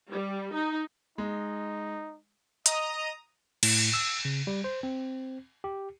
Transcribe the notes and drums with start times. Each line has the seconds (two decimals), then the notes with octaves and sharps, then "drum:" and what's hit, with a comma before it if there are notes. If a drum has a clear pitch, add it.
0.10 G3
0.54 D#4
1.18 G#3 D#4
2.66 D#5 A#5 D#6, drum: hi-hat
3.63 A2, drum: cymbal
3.93 E6
4.25 C#3
4.47 G3
4.64 C5
4.83 C4
5.64 G4